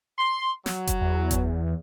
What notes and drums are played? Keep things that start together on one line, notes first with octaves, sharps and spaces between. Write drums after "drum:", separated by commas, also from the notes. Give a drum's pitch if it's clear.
C6
F#3, drum: snare
drum: kick F#1, hi-hat
E2
drum: kick F#1, hi-hat